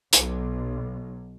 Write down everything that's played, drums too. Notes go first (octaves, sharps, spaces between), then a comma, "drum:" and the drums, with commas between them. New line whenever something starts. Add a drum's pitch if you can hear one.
B1, drum: hi-hat